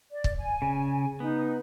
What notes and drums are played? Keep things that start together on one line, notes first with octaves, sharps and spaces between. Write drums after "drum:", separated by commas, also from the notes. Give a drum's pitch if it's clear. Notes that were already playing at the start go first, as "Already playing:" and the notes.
D5
drum: kick
G#5
C#3
B3 D#4